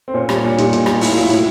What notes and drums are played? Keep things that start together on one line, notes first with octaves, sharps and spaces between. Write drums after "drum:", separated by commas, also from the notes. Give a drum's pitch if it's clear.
C4
A#2 C#4
G3, drum: rim click
D4
A#2
G3 D#4, drum: hi-hat
A#2, drum: hi-hat
G3, drum: rim click
A2 E4, drum: open hi-hat
F#3 F4
E4
A2, drum: hi-hat